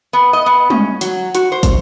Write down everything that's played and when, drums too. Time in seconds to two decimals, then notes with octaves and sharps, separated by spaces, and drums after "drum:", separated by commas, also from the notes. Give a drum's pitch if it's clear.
0.13 B3
0.33 D#5
0.46 B3
0.70 C#4, drum: tom G3
1.01 F#3, drum: hi-hat
1.35 F#4, drum: hi-hat
1.52 C5
1.63 drum: kick, hi-hat